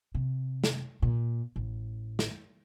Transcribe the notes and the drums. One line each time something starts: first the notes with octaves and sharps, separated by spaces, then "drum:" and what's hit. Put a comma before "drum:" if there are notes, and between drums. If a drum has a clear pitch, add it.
C3
drum: snare
A#2
A1
drum: snare